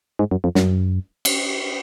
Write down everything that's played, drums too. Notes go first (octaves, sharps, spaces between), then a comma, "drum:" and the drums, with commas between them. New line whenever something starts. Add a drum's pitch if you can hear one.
G#2
F#2
F2
F#2, drum: snare
drum: cymbal